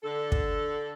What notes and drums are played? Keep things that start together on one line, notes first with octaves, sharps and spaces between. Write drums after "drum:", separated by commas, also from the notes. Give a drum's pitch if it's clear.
D3 A4
drum: kick